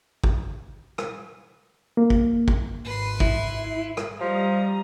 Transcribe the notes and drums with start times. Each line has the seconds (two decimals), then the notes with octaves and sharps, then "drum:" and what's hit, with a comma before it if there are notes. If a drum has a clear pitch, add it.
0.24 drum: kick
0.98 drum: rim click
1.97 A#3
2.10 drum: kick
2.48 drum: kick
2.85 G#1 B4 C6
3.20 E4, drum: kick
3.97 drum: rim click
4.21 F3 G3 D#5 A#5